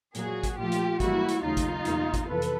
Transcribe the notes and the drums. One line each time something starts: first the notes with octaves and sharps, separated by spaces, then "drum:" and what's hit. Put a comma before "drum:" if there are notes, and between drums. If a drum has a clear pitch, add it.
A#2 F#3 A#3 F#4 G#4, drum: hi-hat
drum: kick, hi-hat
A#2 F3 A3 F4 G4
drum: hi-hat
G#2 E3 G3 A#3 E4 F#4, drum: kick, hi-hat
drum: hi-hat
D#2 C#3 F#3 A3 D#4 F4
drum: kick, hi-hat
E2 B2 G3 A#3, drum: hi-hat
drum: kick, hi-hat
F2 C3 E3 A4 B4
drum: hi-hat